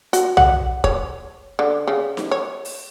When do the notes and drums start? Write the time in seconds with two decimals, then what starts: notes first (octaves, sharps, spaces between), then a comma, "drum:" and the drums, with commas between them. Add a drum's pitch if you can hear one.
0.13 F#4, drum: hi-hat
0.37 F#5, drum: tom
0.84 C#5, drum: kick
1.59 D3
1.87 C#3
2.17 drum: snare D#4
2.31 C#5
2.65 drum: open hi-hat